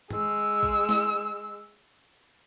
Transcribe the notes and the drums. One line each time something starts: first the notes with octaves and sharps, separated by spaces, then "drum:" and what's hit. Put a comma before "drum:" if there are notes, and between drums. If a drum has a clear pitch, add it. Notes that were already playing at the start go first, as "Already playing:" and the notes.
G#3 E6, drum: tom G2
drum: kick A#1
drum: snare